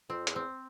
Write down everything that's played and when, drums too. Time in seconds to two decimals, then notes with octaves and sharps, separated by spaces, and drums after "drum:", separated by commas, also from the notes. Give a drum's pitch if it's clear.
0.09 F2 C4
0.27 E2, drum: hi-hat
0.36 C4